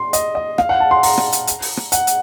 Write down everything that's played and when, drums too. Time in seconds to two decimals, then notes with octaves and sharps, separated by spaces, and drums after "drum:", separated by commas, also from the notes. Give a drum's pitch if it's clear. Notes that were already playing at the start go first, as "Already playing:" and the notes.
Already playing: C6
0.13 D#5, drum: hi-hat
0.35 D#5
0.58 F5, drum: rim click
0.69 F#5
0.80 A5
0.91 C6
1.03 A#5, drum: open hi-hat
1.18 drum: rim click
1.32 drum: hi-hat
1.47 drum: hi-hat
1.62 drum: open hi-hat
1.77 drum: rim click
1.92 F#5, drum: hi-hat
2.07 drum: hi-hat